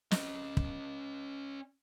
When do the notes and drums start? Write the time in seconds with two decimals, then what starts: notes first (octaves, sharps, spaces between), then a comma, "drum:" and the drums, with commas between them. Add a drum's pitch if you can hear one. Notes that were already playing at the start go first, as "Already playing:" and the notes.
0.11 C#4 D#5, drum: snare
0.57 drum: kick